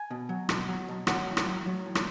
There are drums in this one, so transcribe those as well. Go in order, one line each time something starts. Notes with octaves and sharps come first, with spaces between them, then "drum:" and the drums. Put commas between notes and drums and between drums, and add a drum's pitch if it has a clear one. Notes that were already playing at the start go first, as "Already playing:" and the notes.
Already playing: G#5
B2
F#3
B2, drum: rim click
F#3
B2
F#3 F#5, drum: rim click
A2
drum: rim click
F#3
F#3
A2
drum: rim click